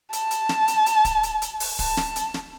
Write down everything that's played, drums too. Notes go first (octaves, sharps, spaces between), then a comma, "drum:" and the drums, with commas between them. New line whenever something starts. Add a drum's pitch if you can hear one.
A5, drum: hi-hat
drum: hi-hat
drum: snare
drum: hi-hat
drum: hi-hat
drum: kick, hi-hat
drum: hi-hat
drum: hi-hat
drum: open hi-hat
A5, drum: kick, open hi-hat
drum: snare
drum: hi-hat
drum: snare